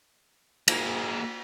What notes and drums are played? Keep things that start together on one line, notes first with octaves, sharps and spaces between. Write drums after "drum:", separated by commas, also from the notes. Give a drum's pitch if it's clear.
A#3 G#4, drum: cymbal